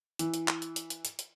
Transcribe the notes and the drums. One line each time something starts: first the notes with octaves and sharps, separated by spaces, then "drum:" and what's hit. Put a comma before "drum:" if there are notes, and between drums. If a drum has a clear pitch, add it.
E3, drum: hi-hat
drum: hi-hat
drum: clap
drum: hi-hat
drum: hi-hat
drum: hi-hat
drum: hi-hat
drum: hi-hat